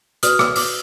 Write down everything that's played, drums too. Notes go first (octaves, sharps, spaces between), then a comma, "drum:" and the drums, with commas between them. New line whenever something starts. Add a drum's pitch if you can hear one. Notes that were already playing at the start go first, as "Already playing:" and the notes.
F#4 B4 D5 D#6 F6, drum: hi-hat
D6 E6, drum: rim click
D6 E6, drum: open hi-hat